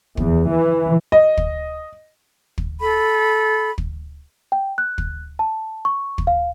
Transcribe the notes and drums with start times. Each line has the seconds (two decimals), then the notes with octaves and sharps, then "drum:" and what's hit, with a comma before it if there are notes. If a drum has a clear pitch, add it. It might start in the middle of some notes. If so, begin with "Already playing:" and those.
0.17 E2, drum: kick
0.48 E3
1.12 D#5
1.37 drum: kick
2.58 drum: kick
2.81 A4 B5
3.78 drum: kick
4.52 G5
4.78 F#6
4.98 drum: kick
5.39 A5
5.85 C#6
6.18 drum: kick
6.27 F5